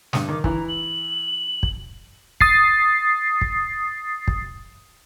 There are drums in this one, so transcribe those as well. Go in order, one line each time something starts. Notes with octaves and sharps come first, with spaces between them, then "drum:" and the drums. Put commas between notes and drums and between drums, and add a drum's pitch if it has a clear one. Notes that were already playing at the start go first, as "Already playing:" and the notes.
G2 D#6, drum: snare
D#3 D6
E3 E4 A#5, drum: kick
F#7
drum: kick
D#6 A6 C7, drum: kick
drum: kick
drum: kick